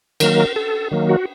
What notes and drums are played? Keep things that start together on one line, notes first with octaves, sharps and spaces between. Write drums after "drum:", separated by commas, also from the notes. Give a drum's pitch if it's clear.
D#3 F#3 A#3 A#4, drum: cymbal
A4
D#3 F#3 A#3
F#4